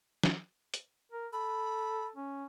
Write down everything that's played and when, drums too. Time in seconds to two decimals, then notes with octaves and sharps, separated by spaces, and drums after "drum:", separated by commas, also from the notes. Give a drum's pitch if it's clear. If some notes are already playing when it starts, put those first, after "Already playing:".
0.23 drum: snare
0.74 drum: hi-hat
1.12 A#4
1.33 A4 B5
2.16 C#4